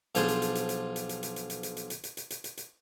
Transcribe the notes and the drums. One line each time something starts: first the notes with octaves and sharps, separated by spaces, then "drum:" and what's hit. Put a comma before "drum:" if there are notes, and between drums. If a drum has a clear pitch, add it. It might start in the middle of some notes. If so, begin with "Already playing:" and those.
B1 F3 D4 G#4 C5 A5, drum: hi-hat
drum: hi-hat
drum: hi-hat
drum: hi-hat
drum: hi-hat
drum: hi-hat
drum: hi-hat
drum: hi-hat
drum: hi-hat
drum: hi-hat
drum: hi-hat
drum: hi-hat
drum: hi-hat
drum: hi-hat
drum: hi-hat
drum: hi-hat
drum: hi-hat
drum: hi-hat